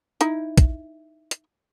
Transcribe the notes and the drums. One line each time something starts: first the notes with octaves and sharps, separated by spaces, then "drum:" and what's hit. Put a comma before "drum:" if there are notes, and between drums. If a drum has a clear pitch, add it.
D#4 E4, drum: hi-hat
drum: kick, hi-hat
drum: hi-hat